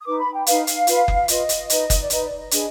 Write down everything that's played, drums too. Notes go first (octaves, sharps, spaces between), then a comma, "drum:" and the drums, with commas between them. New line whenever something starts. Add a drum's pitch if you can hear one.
D#6
D#4 B4 D6
B5
G5
D#4 B4 F5, drum: hi-hat
drum: hi-hat
F4 B4, drum: hi-hat
drum: kick F#1
F4 B4 D#5, drum: hi-hat
drum: hi-hat
D#4 B4, drum: hi-hat
drum: kick F#1, hi-hat
D5
D#4 B4 D#5, drum: hi-hat
D5
D#5
D4 G#4 B4, drum: hi-hat